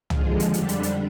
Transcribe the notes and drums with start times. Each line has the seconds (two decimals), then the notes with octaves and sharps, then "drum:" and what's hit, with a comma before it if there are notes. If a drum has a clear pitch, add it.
0.10 D#2 D3 F3 G#3 F4 G#4, drum: tom
0.40 drum: hi-hat
0.54 F2 D3 G3 D4 G4, drum: hi-hat
0.69 drum: hi-hat
0.83 drum: hi-hat